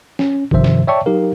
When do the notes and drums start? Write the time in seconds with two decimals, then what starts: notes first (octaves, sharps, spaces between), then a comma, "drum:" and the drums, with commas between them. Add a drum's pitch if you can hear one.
0.19 C#4, drum: snare
0.51 G2 C3 D#3 F3 C5 E5, drum: kick G#1
0.64 drum: snare
0.87 C#5 D5 E5 G5 A5 C#6
1.06 F#3 D#4 G4 A#4 F5